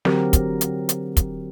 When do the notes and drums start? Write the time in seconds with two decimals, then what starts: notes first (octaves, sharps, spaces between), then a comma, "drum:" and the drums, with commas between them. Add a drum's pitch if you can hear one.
0.05 D3 F#3 C4 F#4 G4 A#4, drum: snare
0.33 drum: kick, hi-hat
0.61 drum: hi-hat
0.89 drum: hi-hat
1.17 drum: kick, hi-hat